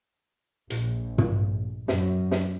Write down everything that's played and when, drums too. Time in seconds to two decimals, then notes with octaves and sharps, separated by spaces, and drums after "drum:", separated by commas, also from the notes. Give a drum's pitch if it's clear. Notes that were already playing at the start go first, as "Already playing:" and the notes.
0.70 A#1, drum: hi-hat
1.18 drum: tom
1.88 F#2, drum: snare
2.31 drum: snare